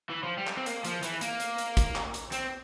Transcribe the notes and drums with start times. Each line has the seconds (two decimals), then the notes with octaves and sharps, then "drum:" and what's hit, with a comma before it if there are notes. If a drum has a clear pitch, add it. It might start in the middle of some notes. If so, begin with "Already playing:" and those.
0.10 E3
0.23 F3
0.37 G3
0.47 drum: clap
0.57 C4
0.66 A#3, drum: hi-hat
0.85 F3, drum: hi-hat
1.03 E3, drum: hi-hat
1.21 A#3, drum: hi-hat
1.40 drum: hi-hat
1.58 drum: hi-hat
1.77 drum: kick, hi-hat
1.95 drum: clap
2.14 drum: hi-hat
2.32 C4, drum: hi-hat